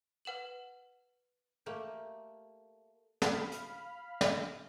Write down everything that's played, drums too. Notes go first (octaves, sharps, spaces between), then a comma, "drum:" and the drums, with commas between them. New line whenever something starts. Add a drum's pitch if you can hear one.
B4 F#5 E7 F#7
A3 A#3 G4
F5 B5 F6, drum: snare
drum: hi-hat
drum: snare